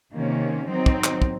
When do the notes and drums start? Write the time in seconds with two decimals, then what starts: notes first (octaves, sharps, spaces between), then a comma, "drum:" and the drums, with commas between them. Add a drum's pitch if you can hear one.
0.16 C3 D#3 A#3 C#4
0.69 D#3 F#3 C4 D#4
0.86 drum: kick
1.04 drum: clap
1.22 drum: kick